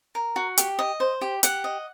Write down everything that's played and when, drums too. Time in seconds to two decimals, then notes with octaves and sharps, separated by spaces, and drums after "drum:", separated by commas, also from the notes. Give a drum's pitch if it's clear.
0.15 A#4
0.36 F#4
0.57 G4, drum: hi-hat
0.79 D#5
1.00 C5
1.21 G4
1.43 G4 F#5, drum: hi-hat
1.64 D#5